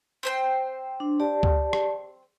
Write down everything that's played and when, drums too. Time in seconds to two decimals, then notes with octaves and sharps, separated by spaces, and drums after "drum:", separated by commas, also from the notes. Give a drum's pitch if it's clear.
0.23 C4 C5 G5
1.00 D4
1.20 G4 D5 A5
1.43 drum: kick
1.73 drum: rim click